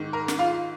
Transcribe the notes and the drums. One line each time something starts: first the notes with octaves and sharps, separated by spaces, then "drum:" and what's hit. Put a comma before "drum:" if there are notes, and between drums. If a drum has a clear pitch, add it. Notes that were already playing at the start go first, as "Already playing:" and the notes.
Already playing: G#2 D#3
A#4
drum: snare
F4